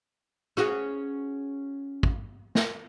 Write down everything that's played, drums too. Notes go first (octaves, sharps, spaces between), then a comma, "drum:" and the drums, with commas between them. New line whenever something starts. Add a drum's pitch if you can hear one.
C#4 F#4 G#4, drum: rim click
drum: kick
drum: snare